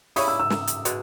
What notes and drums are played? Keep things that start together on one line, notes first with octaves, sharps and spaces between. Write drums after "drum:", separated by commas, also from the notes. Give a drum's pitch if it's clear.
C#3 G3 C#4 E4 D#6, drum: open hi-hat
E6
E6
drum: snare
drum: hi-hat
B2 G#3, drum: hi-hat